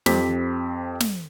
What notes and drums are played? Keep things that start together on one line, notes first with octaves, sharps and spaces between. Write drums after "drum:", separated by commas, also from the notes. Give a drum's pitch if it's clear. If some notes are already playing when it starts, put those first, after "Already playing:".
F2 C4 G4 B6, drum: snare
drum: snare